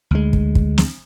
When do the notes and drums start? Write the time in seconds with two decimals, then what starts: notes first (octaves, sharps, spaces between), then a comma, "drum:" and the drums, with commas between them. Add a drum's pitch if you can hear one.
0.11 D2 G#3
0.33 drum: kick
0.55 drum: kick
0.78 drum: snare